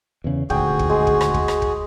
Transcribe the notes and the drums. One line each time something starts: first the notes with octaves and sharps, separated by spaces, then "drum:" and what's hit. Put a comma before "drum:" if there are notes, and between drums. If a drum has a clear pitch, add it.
E2 C#3
D#1 D2 F#4 G#4 G5, drum: kick
drum: kick
G#3
drum: kick
drum: rim click
drum: kick
drum: rim click
drum: kick